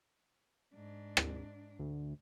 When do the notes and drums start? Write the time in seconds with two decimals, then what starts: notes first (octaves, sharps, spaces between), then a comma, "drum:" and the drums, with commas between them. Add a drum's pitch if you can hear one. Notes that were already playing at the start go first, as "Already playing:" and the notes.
0.74 G#2 D4
1.17 drum: rim click
1.79 D2